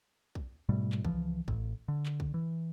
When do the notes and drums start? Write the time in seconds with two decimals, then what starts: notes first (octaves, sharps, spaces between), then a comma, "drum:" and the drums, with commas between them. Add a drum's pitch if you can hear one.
0.35 drum: kick
0.69 G#2 B2 G3 A3
0.92 drum: clap
1.05 C#2 E3 F3, drum: kick
1.48 A1, drum: kick
1.88 D3
2.06 drum: clap
2.20 drum: kick
2.34 E3